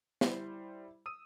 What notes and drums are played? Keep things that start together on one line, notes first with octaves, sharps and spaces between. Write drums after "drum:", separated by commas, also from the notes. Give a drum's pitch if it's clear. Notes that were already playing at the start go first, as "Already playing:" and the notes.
G3 E4 C5 D5, drum: snare
D#6 E6 D#7